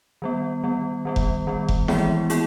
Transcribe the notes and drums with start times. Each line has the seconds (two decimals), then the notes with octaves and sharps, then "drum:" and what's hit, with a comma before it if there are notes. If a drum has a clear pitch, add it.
0.22 D#3 G3 B3
0.63 D#3 G3 B3
1.05 D#3 G3 B3
1.16 drum: kick F1
1.47 D#3 G3 B3
1.68 drum: kick F1
1.88 E3 G#3 B3 E4 G#4, drum: snare E4
2.30 B3 E4 G#4, drum: hi-hat